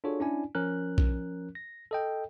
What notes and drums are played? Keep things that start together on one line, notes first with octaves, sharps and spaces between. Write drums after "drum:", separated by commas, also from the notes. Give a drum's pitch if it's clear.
D4 F4 F#4 G#4 A4 C#5
C#4 D4 E4 D5 G#5
F3 C#4 A#4 F#6
drum: kick B1
A#6
A4 D#5 G5